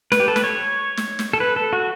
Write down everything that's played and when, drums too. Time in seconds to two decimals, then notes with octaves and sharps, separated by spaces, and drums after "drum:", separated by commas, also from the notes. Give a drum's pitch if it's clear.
0.12 B4, drum: snare
0.20 G4
0.28 A4
0.36 B4, drum: snare
0.44 C#5
0.97 drum: snare
1.19 drum: snare
1.33 A4
1.40 B4
1.56 A4
1.73 F#4